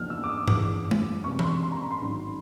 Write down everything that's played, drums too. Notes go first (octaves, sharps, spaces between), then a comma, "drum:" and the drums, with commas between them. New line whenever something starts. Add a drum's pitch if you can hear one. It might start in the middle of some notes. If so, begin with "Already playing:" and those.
Already playing: E2 C#3 F3 A#3 D#4 F6
E6
D6
D#6
F#1 E2 C#3 E3 D6, drum: tom G2
drum: tom G#3
C2 B2 G3 C4 C#6
B5, drum: tom E3
C6
C6
A#5
B5
C6
A1 G#2 D#3 F#3